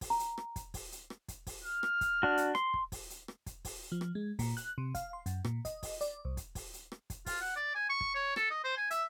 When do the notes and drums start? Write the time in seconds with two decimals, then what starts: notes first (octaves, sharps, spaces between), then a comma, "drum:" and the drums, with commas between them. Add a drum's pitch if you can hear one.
0.01 drum: kick, open hi-hat
0.10 A#5
0.19 drum: hi-hat
0.38 drum: rim click
0.56 drum: kick, hi-hat
0.74 drum: kick, open hi-hat
0.92 drum: hi-hat
1.10 drum: rim click
1.28 drum: kick, hi-hat
1.47 drum: kick, open hi-hat
1.64 F6
1.83 drum: rim click
2.01 drum: kick, hi-hat
2.23 D4 F#4
2.37 drum: hi-hat
2.55 C6, drum: rim click
2.74 drum: kick
2.92 drum: kick, open hi-hat
3.10 drum: hi-hat
3.28 drum: rim click
3.46 drum: kick, hi-hat
3.65 drum: kick, open hi-hat
3.92 F3
4.01 drum: rim click
4.15 G#3
4.39 A#2, drum: kick, open hi-hat
4.57 F#6, drum: hi-hat
4.78 C3
4.95 F5, drum: kick, hi-hat
5.13 C6
5.26 F#2, drum: hi-hat
5.45 A#2, drum: rim click
5.65 D#5, drum: kick, hi-hat
5.83 drum: kick, open hi-hat
6.01 D5, drum: hi-hat
6.25 C2
6.37 drum: kick, hi-hat
6.55 drum: kick, open hi-hat
6.73 drum: hi-hat
6.92 drum: rim click
7.10 drum: kick, hi-hat
7.26 F4, drum: kick, open hi-hat
7.41 F#5
7.56 D5
7.75 G#5
7.89 C#6
8.01 drum: kick
8.15 C#5
8.36 A4, drum: rim click
8.50 D#5
8.64 C5
8.77 G#5
8.91 E5, drum: hi-hat